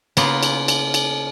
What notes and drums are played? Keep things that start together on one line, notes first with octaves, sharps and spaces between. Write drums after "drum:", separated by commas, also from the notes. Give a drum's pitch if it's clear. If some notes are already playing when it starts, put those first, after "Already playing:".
C#3 A#3 B3 F4, drum: cymbal
drum: cymbal
drum: cymbal
drum: cymbal